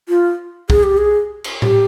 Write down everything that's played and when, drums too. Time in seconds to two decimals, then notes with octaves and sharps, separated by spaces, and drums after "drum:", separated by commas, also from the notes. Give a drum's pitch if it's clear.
0.09 F4
0.70 G#4, drum: kick B1
0.83 G4
0.98 G#4
1.44 drum: cymbal
1.62 G4, drum: tom A2